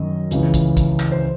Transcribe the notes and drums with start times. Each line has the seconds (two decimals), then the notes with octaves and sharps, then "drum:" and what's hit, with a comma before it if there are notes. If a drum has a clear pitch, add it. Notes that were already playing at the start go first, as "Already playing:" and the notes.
Already playing: F#2 D#3 D#5
0.31 C#2 C#3 E3, drum: hi-hat
0.54 drum: kick, hi-hat
0.77 drum: kick, hi-hat
1.00 drum: clap
1.12 C5